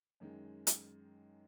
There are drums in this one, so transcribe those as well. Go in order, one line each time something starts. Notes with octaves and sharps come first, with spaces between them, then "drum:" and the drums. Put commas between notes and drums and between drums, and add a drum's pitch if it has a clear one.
F#2 D#3 G#3
drum: hi-hat